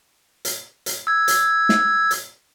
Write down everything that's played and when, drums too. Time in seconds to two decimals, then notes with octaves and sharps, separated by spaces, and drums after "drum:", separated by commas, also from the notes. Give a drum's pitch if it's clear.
0.45 drum: hi-hat
0.86 drum: hi-hat
1.07 E6 G#6
1.28 drum: hi-hat
1.69 drum: snare
2.11 drum: hi-hat